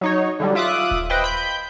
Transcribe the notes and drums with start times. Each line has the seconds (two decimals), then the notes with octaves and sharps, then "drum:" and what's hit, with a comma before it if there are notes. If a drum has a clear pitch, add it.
0.01 F#3 D#4 C#5
0.40 D3 F#3 G3
0.55 F4 E5 D6 D#6 F#6
0.91 drum: kick D#1
1.10 B4 C5 D#5 G5
1.24 B5 G6